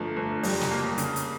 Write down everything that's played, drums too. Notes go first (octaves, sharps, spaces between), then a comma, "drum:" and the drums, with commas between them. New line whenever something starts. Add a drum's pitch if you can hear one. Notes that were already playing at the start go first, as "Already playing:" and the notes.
Already playing: G1 F3 A3
G1
F2 G3, drum: open hi-hat
drum: snare
A#3
C#3, drum: hi-hat
drum: hi-hat